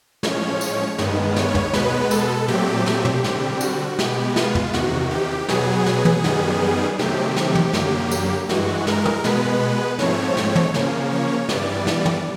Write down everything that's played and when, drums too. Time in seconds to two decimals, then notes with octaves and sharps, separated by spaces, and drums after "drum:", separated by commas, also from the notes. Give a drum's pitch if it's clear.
0.23 A2 F3 G#3 C#4 C#5, drum: snare
0.61 drum: tambourine
0.98 G2 D#3 G#3 B3, drum: snare
1.36 C#5, drum: snare
1.55 drum: tom
1.73 B2 G#3 B3 B4, drum: snare
2.11 A4, drum: tambourine
2.48 A#2 F#3 A3 C4 G4, drum: snare
2.86 G4, drum: snare
3.05 drum: tom
3.24 D3 G3 C4 G4, drum: snare
3.61 F#4, drum: tambourine
3.99 B2 G#3 B3 G4, drum: snare
4.36 F4, drum: snare
4.55 drum: tom
4.73 E2 C3 D#3 F#4, drum: snare
5.11 G4
5.49 B2 F#3 B3 G#4, drum: snare
5.86 drum: snare
6.05 drum: tom
6.24 F#2 D#3 G3 B3, drum: snare
6.99 C3 D#3 F#3 A3 C4 G4, drum: snare
7.36 drum: snare
7.55 drum: tom
7.73 F#2 D3 F#3 A#3, drum: snare
8.11 drum: tambourine
8.49 G2 E3 G#3 F#4, drum: snare
8.87 A#4, drum: snare
9.05 drum: tom
9.24 B2 G#3 B3 B4, drum: snare
9.99 G#2 F3 A3 C4 C#5, drum: snare
10.37 drum: snare
10.55 drum: tom
10.74 C#3 F3 A#3 C#4, drum: snare
11.12 C#5
11.49 G2 E3 G3 B3 D5, drum: snare
11.87 drum: snare
12.06 drum: tom